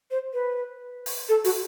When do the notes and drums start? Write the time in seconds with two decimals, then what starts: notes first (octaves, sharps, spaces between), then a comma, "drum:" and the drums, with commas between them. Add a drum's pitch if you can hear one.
0.11 C5
0.34 B4
1.06 drum: open hi-hat
1.29 A4
1.44 F#4, drum: open hi-hat